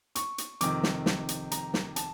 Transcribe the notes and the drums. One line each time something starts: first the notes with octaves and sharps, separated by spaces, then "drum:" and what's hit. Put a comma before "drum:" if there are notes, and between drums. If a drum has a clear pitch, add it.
C#6, drum: hi-hat
drum: hi-hat
F2 C3 D#3 D6, drum: hi-hat
drum: snare
drum: snare
drum: hi-hat
A#5, drum: hi-hat
drum: snare
A5, drum: hi-hat